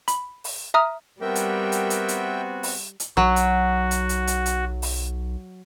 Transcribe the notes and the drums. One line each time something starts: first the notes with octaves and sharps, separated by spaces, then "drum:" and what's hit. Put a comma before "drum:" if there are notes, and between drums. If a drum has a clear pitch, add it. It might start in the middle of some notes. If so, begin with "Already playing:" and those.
B5, drum: hi-hat
drum: open hi-hat
E5 A#5 D#6 F6
G3 B3 C4 F#4 A#4 E5 G5
drum: hi-hat
drum: hi-hat
drum: hi-hat
drum: hi-hat
drum: open hi-hat
drum: hi-hat
B1 F#3 F#4
drum: hi-hat
drum: hi-hat
drum: hi-hat
drum: hi-hat
drum: hi-hat
drum: open hi-hat